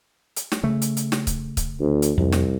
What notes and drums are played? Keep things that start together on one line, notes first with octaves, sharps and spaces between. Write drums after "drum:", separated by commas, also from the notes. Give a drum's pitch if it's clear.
drum: hi-hat
drum: snare
C#3 A3
drum: hi-hat
drum: hi-hat
drum: snare
drum: kick C#1, hi-hat
drum: kick C#1, hi-hat
D2
drum: hi-hat
C2 F2
drum: snare